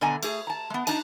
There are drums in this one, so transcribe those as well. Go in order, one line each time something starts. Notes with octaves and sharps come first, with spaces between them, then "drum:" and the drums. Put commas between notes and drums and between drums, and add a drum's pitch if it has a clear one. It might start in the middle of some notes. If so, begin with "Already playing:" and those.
B2 D3 B3 D#5 G#5 A#5
A3 G#4, drum: cymbal
A5 A#5
G#3 B3
D4 D#4 D#5 A5, drum: cymbal